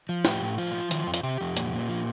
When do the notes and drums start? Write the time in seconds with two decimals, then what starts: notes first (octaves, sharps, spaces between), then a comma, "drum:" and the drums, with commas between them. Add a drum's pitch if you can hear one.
0.09 F3
0.25 A2 G4, drum: snare
0.42 A2
0.58 F3 F4
0.74 F3
0.91 D#3 F4, drum: hi-hat
1.07 F2
1.14 F4, drum: hi-hat
1.23 C3 G4
1.41 F2
1.57 A#2, drum: hi-hat
1.73 A#2
1.89 F3